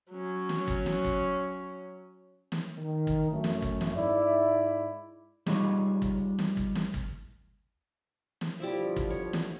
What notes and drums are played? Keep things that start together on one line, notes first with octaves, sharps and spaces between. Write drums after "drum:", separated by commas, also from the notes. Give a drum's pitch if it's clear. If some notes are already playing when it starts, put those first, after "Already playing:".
F#3 C#4
drum: snare
drum: kick
drum: snare
drum: kick
drum: snare
D#3
drum: kick
F#2 A3
drum: snare
drum: kick
drum: snare
G#2 E4 D5 E5
G3 G#3 D#4 F4 C#5, drum: snare
drum: kick
drum: snare
drum: kick
drum: snare
drum: kick
drum: snare
B2 D3 F3 G3 E4 E5
drum: kick
C#5
drum: snare